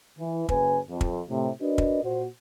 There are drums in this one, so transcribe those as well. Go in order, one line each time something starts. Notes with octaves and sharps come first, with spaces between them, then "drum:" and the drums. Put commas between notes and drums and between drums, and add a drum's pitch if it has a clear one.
E3
F#1 B4 G#5, drum: kick
F2
drum: kick
A2 C3
D4 F#4 A#4 B4 D5 D#5
drum: kick
A#2 F#4 C5